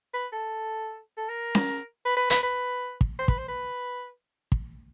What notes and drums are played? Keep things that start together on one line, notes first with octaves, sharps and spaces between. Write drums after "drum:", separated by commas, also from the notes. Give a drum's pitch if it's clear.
B4
A4
A4
A#4
drum: snare C#4
B4
B4
B4, drum: hi-hat
B4
drum: kick
C5
B4, drum: kick
C5
B4
drum: kick